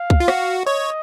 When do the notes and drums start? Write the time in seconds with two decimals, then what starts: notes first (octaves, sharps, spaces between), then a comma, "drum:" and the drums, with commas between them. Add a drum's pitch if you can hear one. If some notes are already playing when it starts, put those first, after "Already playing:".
Already playing: F5
0.10 drum: kick C2
0.20 F4
0.28 F#4, drum: rim click
0.66 C#5 D#5